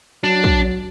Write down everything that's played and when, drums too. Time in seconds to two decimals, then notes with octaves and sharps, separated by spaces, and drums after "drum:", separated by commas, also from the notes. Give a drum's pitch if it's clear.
0.23 F#3 D4
0.44 drum: kick